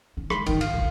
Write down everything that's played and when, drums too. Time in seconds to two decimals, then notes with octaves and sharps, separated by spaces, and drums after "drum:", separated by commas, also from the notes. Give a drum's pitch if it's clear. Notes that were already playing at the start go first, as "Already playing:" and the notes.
0.17 C#4
0.30 G#3 B5 C6, drum: rim click
0.46 G#1 D#3 E3, drum: cymbal
0.61 F5, drum: cymbal
0.73 A1 D2